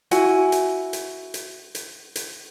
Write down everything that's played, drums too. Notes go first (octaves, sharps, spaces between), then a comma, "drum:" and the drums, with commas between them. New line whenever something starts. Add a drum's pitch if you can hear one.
E4 F#4 G#5, drum: hi-hat
drum: hi-hat
drum: hi-hat
drum: hi-hat
drum: hi-hat
drum: hi-hat